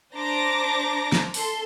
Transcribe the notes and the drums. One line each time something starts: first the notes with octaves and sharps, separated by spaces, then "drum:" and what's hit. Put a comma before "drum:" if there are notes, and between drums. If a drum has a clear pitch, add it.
D4 C5 A#5 D6 A#6
drum: snare
A4 C6, drum: open hi-hat